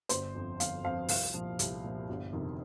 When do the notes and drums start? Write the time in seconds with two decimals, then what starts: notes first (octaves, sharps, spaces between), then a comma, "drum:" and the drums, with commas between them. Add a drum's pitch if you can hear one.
0.09 G1 C5, drum: hi-hat
0.35 F2 F3
0.60 G1 F5, drum: hi-hat
0.84 F2 F3 F5
1.09 C2 F5, drum: open hi-hat
1.34 A#2 F3
1.59 C2, drum: hi-hat
1.84 A#2 F3
2.09 G1
2.33 F2 C3 D#3